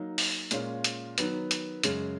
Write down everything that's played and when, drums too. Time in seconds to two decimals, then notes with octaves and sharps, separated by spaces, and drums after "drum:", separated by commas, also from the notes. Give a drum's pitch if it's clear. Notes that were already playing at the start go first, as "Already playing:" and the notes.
Already playing: F#3 A#3 D#4
0.18 drum: open hi-hat
0.51 A#2 G#3 C#4 F4, drum: hi-hat
0.84 drum: hi-hat
1.18 D#3 F#3 B3, drum: hi-hat
1.51 drum: hi-hat
1.83 F#2 C#3 G#3 C#4, drum: hi-hat